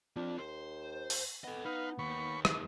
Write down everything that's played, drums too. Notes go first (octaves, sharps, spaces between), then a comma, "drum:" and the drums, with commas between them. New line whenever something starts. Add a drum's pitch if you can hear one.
C4 D4 F4
D#2 C5
drum: open hi-hat
B3 A4 D#5
D#4 B4 F5
D#2 B5 C#6
drum: rim click